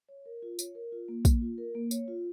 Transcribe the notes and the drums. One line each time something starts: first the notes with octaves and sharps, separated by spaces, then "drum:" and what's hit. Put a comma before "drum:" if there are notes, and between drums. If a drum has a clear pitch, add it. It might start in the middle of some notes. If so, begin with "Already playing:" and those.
C#5
A#4
F4
C#5, drum: tambourine
A#4
F4
A#3
A#3, drum: kick, tambourine
F4
A#4
A#3
C#5, drum: tambourine
F4